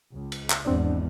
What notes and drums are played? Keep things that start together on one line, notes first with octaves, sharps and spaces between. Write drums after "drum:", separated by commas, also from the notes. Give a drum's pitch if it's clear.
C#2
drum: cymbal
drum: clap
G#1 E2 C4 D4 D5